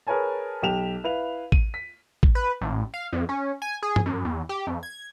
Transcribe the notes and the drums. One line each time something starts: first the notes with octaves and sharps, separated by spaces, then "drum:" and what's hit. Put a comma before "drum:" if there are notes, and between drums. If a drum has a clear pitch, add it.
G#4 A#4 B4 C#5 G#5 A5
B1 G4 E7 F7
E4 B4 F5 F7
D#7, drum: kick A1
B6
drum: kick A1
B4
A1
F5
F2
C#4
G#5
G#4
drum: tom G2
F#2
E2
G4
F2
G#6